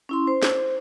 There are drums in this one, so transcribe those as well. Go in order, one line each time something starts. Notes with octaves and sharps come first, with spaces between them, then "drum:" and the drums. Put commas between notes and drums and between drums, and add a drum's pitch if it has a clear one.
C#4 E4 C6
C5
drum: snare